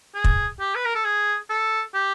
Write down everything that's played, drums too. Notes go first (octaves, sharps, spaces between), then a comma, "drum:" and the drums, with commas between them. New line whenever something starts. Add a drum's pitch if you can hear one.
G#4
drum: kick
G4
B4
A#4
A4
G#4
A4
G4